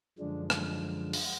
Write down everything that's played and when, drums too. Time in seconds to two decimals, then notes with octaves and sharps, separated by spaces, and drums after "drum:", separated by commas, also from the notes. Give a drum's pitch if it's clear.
0.19 F#2 D3 F3 G#3 D4
0.50 D#4, drum: rim click
1.13 drum: open hi-hat